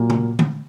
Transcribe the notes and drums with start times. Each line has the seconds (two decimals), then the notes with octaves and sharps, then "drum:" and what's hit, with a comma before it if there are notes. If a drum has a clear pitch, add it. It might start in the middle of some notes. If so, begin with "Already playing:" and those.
Already playing: A#2 F#3 A#3
0.10 drum: tom
0.39 drum: tom D3